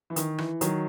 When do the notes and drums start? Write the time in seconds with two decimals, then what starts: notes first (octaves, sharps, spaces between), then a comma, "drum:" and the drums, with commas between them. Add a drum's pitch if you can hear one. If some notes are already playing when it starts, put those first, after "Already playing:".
0.10 E3
0.16 D#3, drum: hi-hat
0.38 E3, drum: rim click
0.61 D#3 F#3, drum: hi-hat